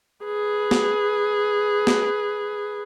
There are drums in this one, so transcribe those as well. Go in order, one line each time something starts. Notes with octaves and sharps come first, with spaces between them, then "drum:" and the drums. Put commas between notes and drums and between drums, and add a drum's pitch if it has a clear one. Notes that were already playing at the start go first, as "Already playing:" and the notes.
G#4 B4
drum: snare
drum: snare